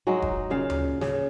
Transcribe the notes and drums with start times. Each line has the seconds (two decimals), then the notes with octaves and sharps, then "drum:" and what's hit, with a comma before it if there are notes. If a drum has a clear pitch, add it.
0.07 F#3 G#3 D#4 F#4
0.22 drum: kick E1
0.50 A#2 C#3 F5
0.70 drum: tom D2
1.01 C#3, drum: snare